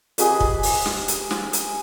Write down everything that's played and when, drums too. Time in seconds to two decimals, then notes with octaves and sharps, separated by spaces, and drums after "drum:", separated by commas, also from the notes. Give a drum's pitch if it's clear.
0.18 G4 G#4 B4 D#5, drum: hi-hat
0.40 drum: kick
0.63 drum: open hi-hat
0.86 drum: snare
1.08 drum: hi-hat
1.31 drum: snare
1.53 drum: hi-hat